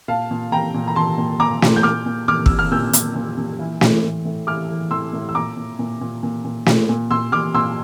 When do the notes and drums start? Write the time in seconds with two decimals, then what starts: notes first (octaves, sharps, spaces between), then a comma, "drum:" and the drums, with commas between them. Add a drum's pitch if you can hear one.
0.08 A#2 F5 A5
0.31 A#2
0.52 A#2 G5 A#5
0.74 A#2
0.88 A#5
0.96 A#2 A5 C6
1.18 A#2
1.40 A#2 A#5 D6
1.62 A#2, drum: snare
1.76 G6
1.83 A#2 D6 F6
2.06 A#2
2.28 A#2 D6 F6
2.46 A#2 E6, drum: kick
2.59 F6
2.72 A#2 E6 G6
2.93 A#2, drum: hi-hat
3.15 A#2
3.37 A#2
3.59 E3
3.81 E3, drum: snare
4.03 A2
4.25 A2
4.47 E3 D6 F6
4.69 E3
4.91 A2 C6 E6
5.13 A2
5.29 E6
5.35 A#2 A#5 D6
5.57 A#2
5.79 A#2
6.01 A#2
6.23 A#2
6.44 A#2
6.66 A#2, drum: snare
6.89 A#2
7.11 A#2 C6 E6
7.32 A#2 D6 F6
7.54 A#2 C6 E6